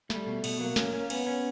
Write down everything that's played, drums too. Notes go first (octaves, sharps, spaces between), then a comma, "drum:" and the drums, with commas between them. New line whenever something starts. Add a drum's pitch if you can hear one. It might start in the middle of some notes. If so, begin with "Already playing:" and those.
G3 A3, drum: snare
B2
B2, drum: cymbal
F#3 A#3
C#4, drum: snare
C#4
B3 C#4, drum: cymbal
C#4